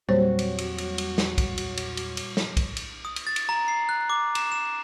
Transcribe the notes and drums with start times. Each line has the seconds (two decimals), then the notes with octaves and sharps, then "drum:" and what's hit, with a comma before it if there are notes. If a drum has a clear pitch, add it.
0.09 E2 A#2 F#3 G3 C4 F#4 C5 C#5
0.39 drum: cymbal
0.58 drum: cymbal
0.78 drum: cymbal
0.98 drum: cymbal
1.18 drum: snare
1.38 drum: kick B1, cymbal
1.58 drum: cymbal
1.77 drum: cymbal
1.97 drum: cymbal
2.17 drum: cymbal
2.37 drum: snare
2.57 drum: kick B1, cymbal
2.77 drum: cymbal
3.05 D#6
3.16 drum: cymbal
3.27 A6
3.36 drum: cymbal
3.49 A#5
3.68 C7
3.89 F#6
4.10 D6
4.35 E7, drum: cymbal
4.52 E7